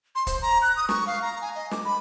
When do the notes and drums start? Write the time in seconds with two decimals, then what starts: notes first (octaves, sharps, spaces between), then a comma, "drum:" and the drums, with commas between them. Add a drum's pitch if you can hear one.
0.15 C6
0.27 C5, drum: kick, hi-hat
0.41 A#5
0.62 F#6
0.76 D#6
0.89 C#6, drum: snare
1.07 F5
1.22 A#5
1.41 G#5
1.55 D#5
1.71 D6, drum: snare
1.84 B5